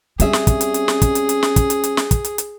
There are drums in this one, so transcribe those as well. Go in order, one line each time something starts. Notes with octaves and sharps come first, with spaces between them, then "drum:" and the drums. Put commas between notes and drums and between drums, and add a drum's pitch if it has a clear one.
G3 C4 C#4 G#4 E5, drum: hi-hat
drum: snare
drum: kick, hi-hat
drum: hi-hat
drum: hi-hat
drum: snare
drum: kick, hi-hat
drum: hi-hat
drum: hi-hat
drum: snare
drum: kick, hi-hat
drum: hi-hat
drum: hi-hat
drum: snare
drum: kick, hi-hat
drum: hi-hat
drum: hi-hat